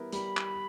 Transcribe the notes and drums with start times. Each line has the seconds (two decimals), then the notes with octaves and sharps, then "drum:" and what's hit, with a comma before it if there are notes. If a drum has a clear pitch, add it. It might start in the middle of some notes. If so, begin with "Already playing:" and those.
Already playing: G3 B3 E4 A#4
0.12 G3 B5, drum: hi-hat
0.37 drum: clap